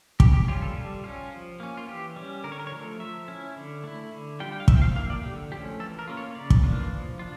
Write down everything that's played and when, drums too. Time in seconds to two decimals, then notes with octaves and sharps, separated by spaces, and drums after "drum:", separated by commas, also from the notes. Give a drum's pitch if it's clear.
0.20 C#3 G4, drum: kick
0.34 G4
0.48 G3 C#4 F4 G4
0.62 A4
0.76 G3
1.04 C#4 F4
1.32 F3
1.60 A#3 C#4
1.77 F4
1.88 E3 G4
2.16 G3 C#4
2.44 D3 A#4
2.52 C#5
2.59 A#4
2.67 C#5
2.72 F3 A3 A#4
3.00 F3 E5
3.28 C#4 E4
3.56 D3
3.84 A3 E4
4.12 D3
4.40 G3 D4 F4 G5
4.52 G5
4.60 F5
4.68 F3 E5, drum: kick
4.76 G5
4.82 F5
4.96 A#3 E4 F5
5.10 D5
5.23 D3 G4
5.52 F3 A3 C#4 G4
5.79 E3 A4
5.99 A#4
6.07 A#3 C#4 F4
6.17 C#5
6.35 C#3 D5
6.50 drum: kick
6.64 E3 A#3 D4 F4
6.92 F3
7.19 D4 F4